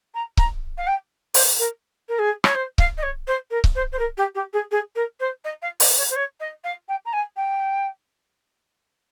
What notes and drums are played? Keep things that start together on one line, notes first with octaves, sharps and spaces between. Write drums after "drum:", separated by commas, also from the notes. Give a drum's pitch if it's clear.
A#5
A#5, drum: kick C#1
F5
G5
C5, drum: open hi-hat
A#4
A#4
G#4
C#5, drum: rim click
C5
F5, drum: kick C#1
D#5
C#5
C5
A#4
drum: kick C#1
C5
C5
A#4
G4
G4
G#4
G#4
A#4
C5
D#5
F5
D#5, drum: open hi-hat
C#5
C5
C#5
D#5
F5
G5
A#5
G#5
G5